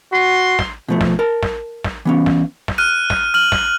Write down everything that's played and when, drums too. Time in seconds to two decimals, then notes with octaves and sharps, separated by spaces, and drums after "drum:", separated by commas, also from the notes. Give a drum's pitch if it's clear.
0.12 F#4 C6
0.59 drum: snare
0.88 B2 F3 A3
1.01 drum: snare
1.19 A#4 A5
1.43 drum: snare
1.84 drum: snare
2.05 E3 B3 C#4
2.26 drum: snare
2.68 drum: snare
2.78 F6 F#6 D#7
3.10 drum: snare
3.34 F6 F#7
3.52 drum: snare